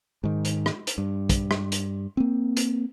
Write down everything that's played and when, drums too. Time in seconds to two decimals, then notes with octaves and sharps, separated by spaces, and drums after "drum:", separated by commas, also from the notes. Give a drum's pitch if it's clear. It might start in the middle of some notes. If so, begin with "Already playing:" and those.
0.24 G#2 D#3
0.45 drum: hi-hat
0.66 drum: rim click
0.87 drum: hi-hat
0.98 G2
1.30 drum: kick, hi-hat
1.51 drum: rim click
1.72 drum: hi-hat
2.17 A#3 C4
2.57 drum: hi-hat